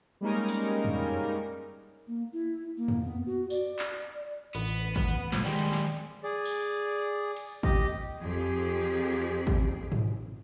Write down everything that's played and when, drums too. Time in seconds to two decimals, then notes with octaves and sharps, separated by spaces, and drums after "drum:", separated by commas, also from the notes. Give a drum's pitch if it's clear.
0.21 G3 G#3 A#3 C#4 D#4 A#4
0.48 drum: open hi-hat
0.85 drum: tom F2
2.07 A#3
2.33 E4
2.77 A#3
2.88 drum: tom F2
3.05 B3
3.26 F#4
3.50 D5, drum: tambourine
3.79 drum: clap
4.55 A1 B3, drum: hi-hat
4.96 B4 F#5, drum: kick G#1
5.32 C#2 A#2 D3 F3, drum: snare
5.44 D#3 G3 G#3 G5
5.59 drum: hi-hat
5.72 drum: snare
6.23 G#4 D5
6.45 drum: tambourine
7.36 drum: cymbal
7.63 G4 D#5, drum: kick G#1
8.20 F2 G4 G#4
9.47 drum: kick G#1
9.92 drum: tom G#2